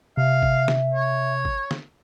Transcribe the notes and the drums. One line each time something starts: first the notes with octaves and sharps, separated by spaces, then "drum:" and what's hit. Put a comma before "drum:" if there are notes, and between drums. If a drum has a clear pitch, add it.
C3 E5 F5
drum: kick
drum: snare
C#5
drum: kick
drum: snare